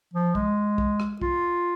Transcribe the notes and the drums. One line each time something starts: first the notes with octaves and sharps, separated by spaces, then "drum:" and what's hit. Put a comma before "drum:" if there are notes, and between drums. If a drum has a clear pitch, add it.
F3
G#3, drum: kick
drum: kick
drum: rim click
F4, drum: kick